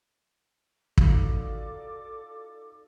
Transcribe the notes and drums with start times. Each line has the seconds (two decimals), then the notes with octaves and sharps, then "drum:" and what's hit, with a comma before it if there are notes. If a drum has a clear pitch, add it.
0.98 D#4 F4 F#4 A4 D5 D6, drum: kick